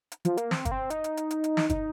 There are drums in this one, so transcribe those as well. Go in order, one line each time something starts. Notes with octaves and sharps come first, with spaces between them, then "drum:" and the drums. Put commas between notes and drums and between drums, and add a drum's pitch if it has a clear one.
drum: hi-hat
F3, drum: hi-hat
A#3, drum: hi-hat
C4, drum: snare
A#3, drum: kick, hi-hat
C4
D#4, drum: hi-hat
drum: hi-hat
drum: hi-hat
drum: hi-hat
drum: hi-hat
drum: snare
D#4, drum: kick, hi-hat